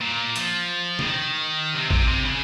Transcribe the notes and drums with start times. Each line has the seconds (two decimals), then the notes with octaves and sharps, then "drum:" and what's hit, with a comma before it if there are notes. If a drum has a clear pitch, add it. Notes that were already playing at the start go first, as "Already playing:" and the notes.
0.01 A#2
0.36 F3, drum: hi-hat
0.99 C#3, drum: tom
1.04 D#3
1.74 C3
1.90 C3, drum: kick
2.07 C3
2.25 C#3